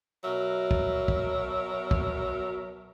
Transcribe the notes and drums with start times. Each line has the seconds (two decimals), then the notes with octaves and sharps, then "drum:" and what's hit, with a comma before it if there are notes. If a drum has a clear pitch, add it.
0.24 B2 F#3 A#4 E5
0.71 drum: kick
1.08 drum: kick
1.91 drum: kick